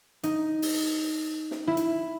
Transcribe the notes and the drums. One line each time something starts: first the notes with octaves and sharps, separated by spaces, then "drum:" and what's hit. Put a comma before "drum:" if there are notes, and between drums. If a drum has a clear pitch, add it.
D#4, drum: hi-hat
drum: open hi-hat
drum: snare
E4
drum: hi-hat